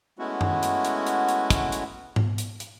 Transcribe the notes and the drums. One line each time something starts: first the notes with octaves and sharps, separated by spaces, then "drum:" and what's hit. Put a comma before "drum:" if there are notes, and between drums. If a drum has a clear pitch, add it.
G#3 A3 B3 C#4 E4 F#4
drum: tom F#2
drum: hi-hat
drum: hi-hat
drum: hi-hat
drum: hi-hat
drum: kick, hi-hat
drum: hi-hat
drum: tom G#2
drum: hi-hat
drum: hi-hat